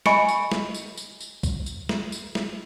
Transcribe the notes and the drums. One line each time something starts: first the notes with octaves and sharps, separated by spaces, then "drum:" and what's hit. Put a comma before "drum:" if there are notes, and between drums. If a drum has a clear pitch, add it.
D#5 G#5 B5 C#6 C#7 D7, drum: snare
drum: tambourine
drum: snare
drum: tambourine
drum: tambourine
drum: tambourine
drum: kick B1, tambourine
drum: tambourine
drum: snare
drum: tambourine
drum: snare